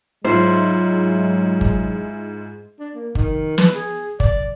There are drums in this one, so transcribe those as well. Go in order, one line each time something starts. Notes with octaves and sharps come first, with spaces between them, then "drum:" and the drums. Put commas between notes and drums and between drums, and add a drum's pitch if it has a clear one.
G#2 F#3 G#3 E4 F4 C5
drum: kick
D4
A#3
D#3, drum: kick
B4, drum: snare
G#4
D5, drum: kick